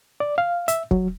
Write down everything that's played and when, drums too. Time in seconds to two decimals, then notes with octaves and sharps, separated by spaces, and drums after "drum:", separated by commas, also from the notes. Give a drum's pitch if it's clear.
0.20 D5
0.38 F5
0.68 E5, drum: hi-hat
0.91 F#3, drum: kick